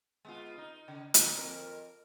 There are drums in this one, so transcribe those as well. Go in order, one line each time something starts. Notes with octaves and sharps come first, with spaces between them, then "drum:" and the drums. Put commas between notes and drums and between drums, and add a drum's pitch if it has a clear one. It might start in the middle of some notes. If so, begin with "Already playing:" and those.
G#3 B3 F4
D#4
C#3
A#2 D#3 D#4, drum: hi-hat
F2 A#4